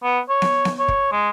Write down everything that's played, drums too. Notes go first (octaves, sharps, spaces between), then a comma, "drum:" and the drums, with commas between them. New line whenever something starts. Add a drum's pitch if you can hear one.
B3
C#5
drum: snare B3
drum: snare B3
C#5
drum: kick
G#3